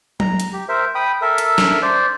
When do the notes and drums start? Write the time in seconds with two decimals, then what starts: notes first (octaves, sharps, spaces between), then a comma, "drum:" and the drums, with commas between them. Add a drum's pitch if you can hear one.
0.20 A#5, drum: tom F#3
0.40 drum: hi-hat
0.53 G4
0.68 A#4 C5 E5
0.95 G5 B5 D#6
1.22 A4 A#4 E5
1.38 drum: hi-hat
1.58 drum: snare
1.82 C5 D5